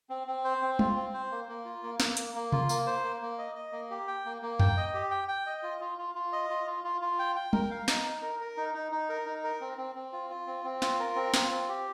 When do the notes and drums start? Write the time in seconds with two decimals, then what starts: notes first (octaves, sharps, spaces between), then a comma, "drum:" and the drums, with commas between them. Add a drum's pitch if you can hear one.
0.10 C4
0.27 C4
0.44 C5
0.62 C4
0.79 F4, drum: tom
0.96 C4
1.14 C5
1.31 A#3
1.49 A#3
1.65 F4
1.83 A#3
2.00 A#3, drum: snare
2.17 A#3, drum: hi-hat
2.35 A#3
2.52 F4, drum: tom C3
2.69 A#3, drum: tambourine
2.87 C5
3.04 A#3
3.22 A#3
3.38 D#5
3.55 D#5
3.72 A#3
3.90 G4
4.07 G5
4.25 A#3
4.42 A#3
4.59 G5, drum: tom F2
4.77 D#5
4.94 G4
5.11 G5
5.28 G5
5.46 D#5
5.63 F4
5.81 F4
5.98 F4
6.15 F4
6.32 D#5
6.50 F4
6.67 F4
6.84 F4
7.01 F4
7.19 G5
7.35 G5
7.53 A#4, drum: tom
7.71 F5
7.88 D#4, drum: snare
8.05 D#4
8.22 A#4
8.40 A#4
8.57 D#4
8.74 D#4
8.92 D#4
9.10 A#4
9.26 D#4
9.44 A#4
9.61 C4
9.78 C4
9.95 C4
10.13 F4
10.30 F4
10.47 C4
10.64 C4
10.82 F4, drum: snare
10.99 A#4
11.16 C4
11.34 F4, drum: snare
11.50 C4
11.68 G4